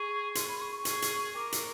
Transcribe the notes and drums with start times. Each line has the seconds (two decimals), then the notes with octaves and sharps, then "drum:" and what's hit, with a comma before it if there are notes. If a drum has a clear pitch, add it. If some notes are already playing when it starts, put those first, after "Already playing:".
Already playing: G#4 C#6
0.35 C6, drum: hi-hat
0.48 B5
0.61 C#6
0.72 C#6
0.85 G#4, drum: hi-hat
1.02 drum: hi-hat
1.35 A#4 D6
1.52 drum: hi-hat